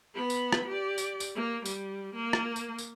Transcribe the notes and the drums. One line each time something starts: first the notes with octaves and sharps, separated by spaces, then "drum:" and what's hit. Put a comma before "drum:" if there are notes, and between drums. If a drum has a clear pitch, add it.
B3 B5
drum: tambourine
drum: rim click
G4 D5
drum: tambourine
drum: tambourine
A#3
G3, drum: tambourine
A#3
drum: rim click
drum: tambourine
drum: tambourine